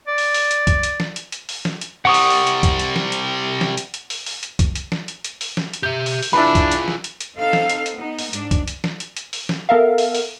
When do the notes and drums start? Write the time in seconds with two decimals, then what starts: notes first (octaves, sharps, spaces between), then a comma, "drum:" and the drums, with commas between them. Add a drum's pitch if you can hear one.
0.07 D5
0.18 drum: open hi-hat
0.34 drum: open hi-hat
0.51 drum: hi-hat
0.67 drum: kick, hi-hat
0.83 drum: hi-hat
1.00 drum: snare
1.16 drum: hi-hat
1.32 drum: hi-hat
1.49 drum: open hi-hat
1.65 drum: snare
1.81 drum: hi-hat
2.05 C3 G3 F#5 C#6 D#6
2.14 drum: open hi-hat
2.30 drum: open hi-hat
2.47 drum: hi-hat
2.63 drum: kick, hi-hat
2.79 drum: hi-hat
2.96 drum: snare
3.12 drum: hi-hat
3.61 drum: snare
3.77 drum: hi-hat
3.94 drum: hi-hat
4.10 drum: open hi-hat
4.26 drum: open hi-hat
4.43 drum: hi-hat
4.59 drum: kick, hi-hat
4.75 drum: hi-hat
4.92 drum: snare
5.08 drum: hi-hat
5.24 drum: hi-hat
5.41 drum: open hi-hat
5.57 drum: snare
5.73 drum: hi-hat
5.83 G4 E5 G6
6.06 drum: open hi-hat
6.22 drum: open hi-hat
6.33 D4 E4 F4 G#4 B4 B5
6.55 drum: kick, hi-hat
6.71 drum: hi-hat
6.88 drum: snare
7.04 drum: hi-hat
7.21 drum: hi-hat
7.37 C4 D#4 A4 F5
7.53 drum: snare
7.70 drum: hi-hat
7.86 drum: hi-hat
7.96 B3 D#4
8.19 drum: open hi-hat
8.33 G#2 D4, drum: hi-hat
8.51 drum: kick, hi-hat
8.68 drum: hi-hat
8.84 drum: snare
9.00 drum: hi-hat
9.17 drum: hi-hat
9.33 drum: open hi-hat
9.49 drum: snare
9.69 B3 A4 A#4 E5 F5
9.98 drum: open hi-hat
10.15 drum: open hi-hat